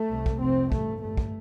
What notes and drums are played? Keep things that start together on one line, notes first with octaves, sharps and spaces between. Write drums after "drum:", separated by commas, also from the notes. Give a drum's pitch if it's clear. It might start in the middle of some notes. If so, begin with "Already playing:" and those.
Already playing: A3
C2 C3
drum: kick
F1 F2 C3 C4
A1 G2 A3, drum: kick
G1 G2 A3
drum: kick